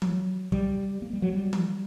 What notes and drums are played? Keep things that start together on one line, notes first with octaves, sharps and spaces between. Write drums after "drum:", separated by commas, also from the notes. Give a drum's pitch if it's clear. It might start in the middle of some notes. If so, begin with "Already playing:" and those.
F#3, drum: tom E3
G3, drum: kick
A#3
G3
F#3
G3
drum: tom E3